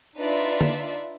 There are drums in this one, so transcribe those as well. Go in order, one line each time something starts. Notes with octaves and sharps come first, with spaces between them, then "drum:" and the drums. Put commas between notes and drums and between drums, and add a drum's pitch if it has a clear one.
D4 D#4 F4 B4 D5 E5
drum: tom